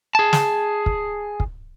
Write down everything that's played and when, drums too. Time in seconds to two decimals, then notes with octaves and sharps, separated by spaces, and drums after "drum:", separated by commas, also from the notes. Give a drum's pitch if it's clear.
0.15 G#4 A5
0.33 drum: snare
0.86 drum: kick
1.40 drum: kick